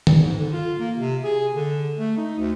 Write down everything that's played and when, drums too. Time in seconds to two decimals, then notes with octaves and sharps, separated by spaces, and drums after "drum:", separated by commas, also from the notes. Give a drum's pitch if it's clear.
0.07 drum: tom D#3
0.22 G#2
0.39 D3
0.53 F4
0.79 A#3
0.97 C3
1.24 G#4
1.54 D3
1.98 A3
2.17 D#4
2.39 D2